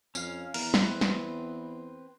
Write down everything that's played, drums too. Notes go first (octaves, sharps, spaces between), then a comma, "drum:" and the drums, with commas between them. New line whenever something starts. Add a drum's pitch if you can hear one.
F2 C#4 F5, drum: tambourine
E2 A#4, drum: cymbal
C4 B4, drum: snare
drum: snare